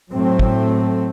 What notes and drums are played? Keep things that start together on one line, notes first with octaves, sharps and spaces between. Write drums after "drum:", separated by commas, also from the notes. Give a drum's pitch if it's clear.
A2 F#3 A3 C4
drum: kick